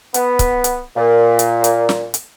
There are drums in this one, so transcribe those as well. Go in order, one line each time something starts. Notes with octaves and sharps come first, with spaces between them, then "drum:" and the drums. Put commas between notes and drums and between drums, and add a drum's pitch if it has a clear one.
B3, drum: hi-hat
drum: kick, hi-hat
drum: hi-hat
A#2
drum: hi-hat
drum: hi-hat
drum: snare
drum: hi-hat